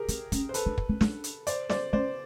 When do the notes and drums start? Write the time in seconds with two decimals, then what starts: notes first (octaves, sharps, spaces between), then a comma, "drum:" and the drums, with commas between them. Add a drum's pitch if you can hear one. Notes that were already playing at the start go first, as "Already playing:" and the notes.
Already playing: G4 G#4 A#4
0.08 C4, drum: hi-hat
0.32 C#4, drum: kick, hi-hat
0.49 C5
0.54 A4 B4, drum: hi-hat
0.66 D4
0.78 drum: kick
0.89 C4
1.01 D4, drum: snare
1.24 drum: hi-hat
1.47 C5 D5, drum: hi-hat
1.69 C5 D5, drum: snare
1.93 C#4 C5 D5